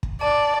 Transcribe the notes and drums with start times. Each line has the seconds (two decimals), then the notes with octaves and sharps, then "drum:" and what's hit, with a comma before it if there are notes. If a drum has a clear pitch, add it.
0.03 drum: kick
0.21 D5 A5